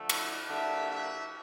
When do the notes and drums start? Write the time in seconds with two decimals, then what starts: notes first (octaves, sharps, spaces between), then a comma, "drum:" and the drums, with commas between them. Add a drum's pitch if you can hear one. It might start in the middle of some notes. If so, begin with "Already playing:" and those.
Already playing: D3 F3 A3
0.10 D5, drum: cymbal
0.49 D3 G3 A#3 E5
0.89 E5